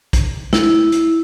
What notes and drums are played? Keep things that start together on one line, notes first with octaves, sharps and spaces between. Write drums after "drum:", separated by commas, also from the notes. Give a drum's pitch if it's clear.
drum: kick, hi-hat
E4, drum: snare
drum: hi-hat